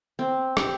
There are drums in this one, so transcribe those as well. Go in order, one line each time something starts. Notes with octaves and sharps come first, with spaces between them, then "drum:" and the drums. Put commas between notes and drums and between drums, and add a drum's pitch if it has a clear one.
C4
G4, drum: rim click